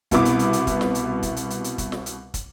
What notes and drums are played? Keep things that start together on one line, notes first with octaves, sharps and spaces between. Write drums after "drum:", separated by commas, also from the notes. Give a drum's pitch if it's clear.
C2 B2 B3 E4 D6, drum: kick, hi-hat
drum: hi-hat
drum: hi-hat
drum: hi-hat
drum: kick, hi-hat
drum: snare
drum: hi-hat
drum: kick, hi-hat
drum: hi-hat
drum: hi-hat
drum: hi-hat
drum: kick, hi-hat
drum: snare
drum: hi-hat
drum: kick, hi-hat